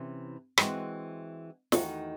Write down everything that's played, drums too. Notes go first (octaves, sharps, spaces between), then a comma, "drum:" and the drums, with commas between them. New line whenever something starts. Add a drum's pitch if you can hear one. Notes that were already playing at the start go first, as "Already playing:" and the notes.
Already playing: C3 E3 C#4 E4
E3 G#3 C4 F#4, drum: rim click
E2 D#3 A3 D#4 F#4, drum: snare